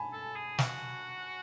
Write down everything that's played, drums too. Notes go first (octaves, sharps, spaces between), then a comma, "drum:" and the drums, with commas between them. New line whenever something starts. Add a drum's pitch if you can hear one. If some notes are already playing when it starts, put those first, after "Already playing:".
Already playing: G#5 A5 B5
A4
G#4
F#4, drum: snare